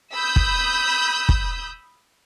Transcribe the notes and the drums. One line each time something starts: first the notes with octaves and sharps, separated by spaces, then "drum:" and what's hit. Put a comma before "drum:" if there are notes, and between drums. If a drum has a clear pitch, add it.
B5 D#6 E6 G6
drum: kick
drum: kick